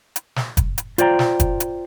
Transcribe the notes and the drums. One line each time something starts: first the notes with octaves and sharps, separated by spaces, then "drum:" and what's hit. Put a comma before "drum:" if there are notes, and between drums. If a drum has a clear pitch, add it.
drum: hi-hat
drum: snare
drum: kick, hi-hat
drum: hi-hat
F4 C5 D5 G5 A#5, drum: hi-hat
drum: snare
drum: kick, hi-hat
drum: hi-hat